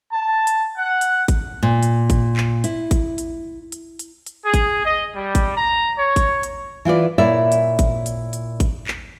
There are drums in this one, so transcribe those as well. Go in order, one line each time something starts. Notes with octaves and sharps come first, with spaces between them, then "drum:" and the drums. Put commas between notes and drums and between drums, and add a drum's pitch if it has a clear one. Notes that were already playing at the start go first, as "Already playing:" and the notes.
A5
drum: hi-hat
F#5
drum: hi-hat
drum: kick G#1, hi-hat
A#2
drum: hi-hat
drum: kick G#1, hi-hat
drum: clap
E4, drum: hi-hat
drum: kick G#1, hi-hat
drum: hi-hat
drum: hi-hat
drum: hi-hat
drum: hi-hat
G#4
drum: kick G#1, hi-hat
D#5
G3
drum: kick G#1, hi-hat
A#5
C#5
drum: kick G#1, hi-hat
drum: hi-hat
E3 F4 B4 D5
A#2 E4 C#5 D5 E5
drum: hi-hat
drum: kick G#1, hi-hat
drum: hi-hat
drum: hi-hat
drum: kick G#1, hi-hat
drum: clap